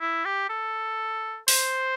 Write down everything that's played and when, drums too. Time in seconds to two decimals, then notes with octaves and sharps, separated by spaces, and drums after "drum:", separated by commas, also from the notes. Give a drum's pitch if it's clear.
0.01 E4
0.25 G4
0.49 A4
1.48 C5, drum: open hi-hat